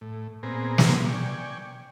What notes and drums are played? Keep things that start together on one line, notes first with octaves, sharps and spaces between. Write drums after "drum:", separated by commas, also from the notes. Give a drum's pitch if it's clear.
A2
A#2 B3 C4 G#4 A#5
drum: snare
D5 G5 G#5 C#6